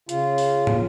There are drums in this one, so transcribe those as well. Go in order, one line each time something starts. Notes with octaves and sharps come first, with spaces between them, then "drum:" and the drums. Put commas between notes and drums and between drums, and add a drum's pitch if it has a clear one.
C#3 F4, drum: hi-hat
drum: open hi-hat
drum: tom